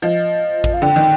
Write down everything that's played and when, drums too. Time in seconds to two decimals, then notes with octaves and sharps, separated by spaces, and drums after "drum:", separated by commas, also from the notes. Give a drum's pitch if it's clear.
0.02 F3 D#5
0.64 drum: kick
0.74 F5
0.82 D3 G5
0.96 D#3